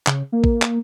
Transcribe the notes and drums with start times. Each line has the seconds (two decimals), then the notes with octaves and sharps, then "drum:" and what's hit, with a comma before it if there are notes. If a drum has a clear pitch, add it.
0.07 C#3, drum: clap
0.32 A#3
0.44 drum: kick A1
0.62 drum: clap